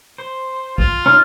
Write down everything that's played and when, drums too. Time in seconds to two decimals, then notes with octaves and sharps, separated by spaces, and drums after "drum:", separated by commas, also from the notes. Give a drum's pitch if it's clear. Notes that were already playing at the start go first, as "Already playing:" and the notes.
0.18 C5
0.78 F4, drum: kick
1.06 C#4 D#4 F6